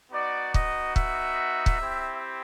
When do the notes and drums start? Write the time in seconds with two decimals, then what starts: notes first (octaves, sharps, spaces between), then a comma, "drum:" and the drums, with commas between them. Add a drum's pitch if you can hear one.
0.12 B3 D#4 F#4 D5
0.54 D#5, drum: kick
0.96 E5, drum: kick
1.66 drum: kick
1.80 C4 E4 G4